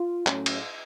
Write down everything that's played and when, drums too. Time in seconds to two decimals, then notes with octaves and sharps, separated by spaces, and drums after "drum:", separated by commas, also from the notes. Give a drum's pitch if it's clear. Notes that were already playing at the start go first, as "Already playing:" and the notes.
Already playing: F4
0.26 A2 F#3 A3 C#4, drum: clap
0.46 drum: cymbal